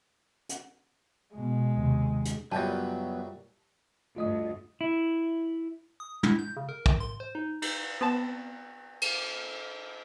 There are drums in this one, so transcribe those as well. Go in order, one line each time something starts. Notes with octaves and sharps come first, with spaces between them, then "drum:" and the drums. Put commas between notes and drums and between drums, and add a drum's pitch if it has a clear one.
drum: hi-hat
B2 G#3
D#2 C3
drum: hi-hat
F#2 A#2 C#3 F#3 G3 B3 G5 A5
D2 G2 F4 D#5 D#6
E4
D#6
E4, drum: tom
G6
C#3
A#4
drum: kick
C6
C5
D#4
D#4, drum: cymbal
B3 C4 A5
drum: cymbal